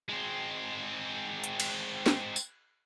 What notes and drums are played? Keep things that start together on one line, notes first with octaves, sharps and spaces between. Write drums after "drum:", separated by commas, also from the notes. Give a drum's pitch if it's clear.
G#3 C4
drum: hi-hat
drum: cymbal
drum: snare
drum: tambourine